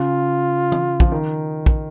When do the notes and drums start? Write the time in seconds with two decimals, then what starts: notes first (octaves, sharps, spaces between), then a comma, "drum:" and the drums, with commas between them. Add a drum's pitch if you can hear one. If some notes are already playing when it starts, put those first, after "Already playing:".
Already playing: C#3 F4
0.72 drum: tom
1.00 F3, drum: kick
1.12 D#3
1.66 drum: kick